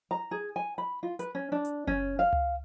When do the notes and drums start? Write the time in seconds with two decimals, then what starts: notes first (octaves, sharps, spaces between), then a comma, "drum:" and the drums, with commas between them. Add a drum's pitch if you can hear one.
0.11 A#5
0.31 G#4
0.56 G#5
0.78 B5
1.03 F4
1.19 B4, drum: hi-hat
1.35 C#4
1.52 D4
1.65 drum: hi-hat
1.87 C#4, drum: kick F#1
2.19 F5
2.33 drum: tom C#2